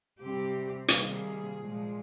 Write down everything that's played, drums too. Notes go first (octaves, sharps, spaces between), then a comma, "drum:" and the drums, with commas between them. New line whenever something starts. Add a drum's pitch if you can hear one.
C3 G3 C4 G4
C3 D#3 G3 A#3 G#4, drum: hi-hat
A#2 F3 G#3